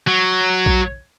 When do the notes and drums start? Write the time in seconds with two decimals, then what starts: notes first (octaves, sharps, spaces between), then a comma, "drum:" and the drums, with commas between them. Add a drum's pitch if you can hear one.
0.08 F#3
0.66 drum: kick A#1